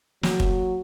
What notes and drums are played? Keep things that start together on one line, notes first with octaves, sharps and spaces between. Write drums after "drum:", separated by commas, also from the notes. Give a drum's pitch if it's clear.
F#3 A#3, drum: snare
drum: kick